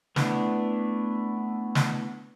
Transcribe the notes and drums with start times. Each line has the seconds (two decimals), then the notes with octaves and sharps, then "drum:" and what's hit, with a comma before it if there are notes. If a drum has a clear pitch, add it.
0.16 A3 B3 D4 E4, drum: snare
1.75 drum: snare